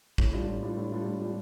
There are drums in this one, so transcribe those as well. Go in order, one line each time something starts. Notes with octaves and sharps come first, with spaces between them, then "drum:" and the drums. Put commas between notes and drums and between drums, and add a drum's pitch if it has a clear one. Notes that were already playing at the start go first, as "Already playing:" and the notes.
A2, drum: kick
G3 D4 F4
A2
G3 D4 F4
A2
G3 D4 F4
A2
G3 D4 F4